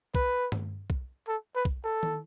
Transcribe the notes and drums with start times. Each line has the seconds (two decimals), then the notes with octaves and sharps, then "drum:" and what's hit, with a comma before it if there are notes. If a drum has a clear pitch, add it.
0.15 B4, drum: kick B1
0.52 drum: tom G2
0.90 drum: kick B1
1.28 A4
1.56 B4
1.65 drum: kick B1
1.84 A4
2.03 drum: tom D#3